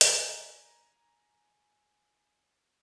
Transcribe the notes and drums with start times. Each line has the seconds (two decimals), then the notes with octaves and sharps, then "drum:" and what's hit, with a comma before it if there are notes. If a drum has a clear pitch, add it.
0.01 G#5 A#5, drum: hi-hat